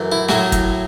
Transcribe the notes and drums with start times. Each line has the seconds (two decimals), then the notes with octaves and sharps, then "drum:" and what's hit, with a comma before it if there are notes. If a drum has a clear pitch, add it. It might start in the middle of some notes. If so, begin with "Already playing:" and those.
Already playing: F#2 E3 A3
0.12 E4
0.29 A2 F#3 A3 F#4, drum: snare
0.52 drum: kick, hi-hat